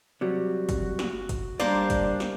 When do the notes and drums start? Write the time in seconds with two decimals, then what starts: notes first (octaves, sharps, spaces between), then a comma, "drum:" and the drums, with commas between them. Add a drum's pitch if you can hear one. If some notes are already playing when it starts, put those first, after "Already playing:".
0.21 C3 F#3 G3 F#4
0.69 drum: kick, hi-hat
0.99 drum: snare
1.29 drum: kick, hi-hat
1.60 G3 A#3 D4 C5 D5, drum: snare
1.90 drum: kick, hi-hat
2.20 drum: snare